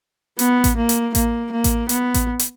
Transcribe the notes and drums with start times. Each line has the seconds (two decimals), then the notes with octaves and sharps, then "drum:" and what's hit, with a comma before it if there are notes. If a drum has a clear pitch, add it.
0.39 B3, drum: hi-hat
0.64 drum: kick A1, hi-hat
0.77 A#3
0.89 drum: hi-hat
1.15 A#3, drum: kick A1, hi-hat
1.52 A#3
1.64 drum: kick A1, hi-hat
1.89 B3, drum: hi-hat
2.14 drum: kick A1, hi-hat
2.39 drum: hi-hat